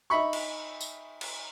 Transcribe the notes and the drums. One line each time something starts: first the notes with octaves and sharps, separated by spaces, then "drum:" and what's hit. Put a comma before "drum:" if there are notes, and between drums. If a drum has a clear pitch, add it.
D#4 E5 B5 C#6
drum: cymbal
drum: tambourine
drum: cymbal